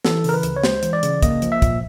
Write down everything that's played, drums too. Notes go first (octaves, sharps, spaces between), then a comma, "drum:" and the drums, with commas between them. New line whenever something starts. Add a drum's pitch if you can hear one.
E3 A4, drum: snare
C#3 A#4, drum: open hi-hat
B4
D2, drum: hi-hat
C#5
G#3 C5, drum: snare
E3, drum: hi-hat
D5
C#3, drum: hi-hat
A#3 D#5, drum: kick, hi-hat
F3, drum: hi-hat
E5
A#2, drum: kick, hi-hat